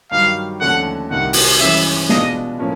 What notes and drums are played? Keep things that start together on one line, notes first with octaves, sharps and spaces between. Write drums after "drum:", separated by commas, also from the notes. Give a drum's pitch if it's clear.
G2 D#3 F#3 F5
D#2 D3 F3 A3 C#4 F#5
C2 C3 D#3 F#5
drum: open hi-hat
G2 E3 G#3 C#4 E4 E5
B2 G#3 B3 D4 F4 D#5, drum: snare
A2 F3 A#3 C#4